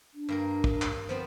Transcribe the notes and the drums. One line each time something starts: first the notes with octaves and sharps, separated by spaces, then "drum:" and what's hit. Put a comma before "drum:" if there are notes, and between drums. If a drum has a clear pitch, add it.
D4
G2 A#3 A#4
drum: kick
drum: clap
F3 B3 C4 C5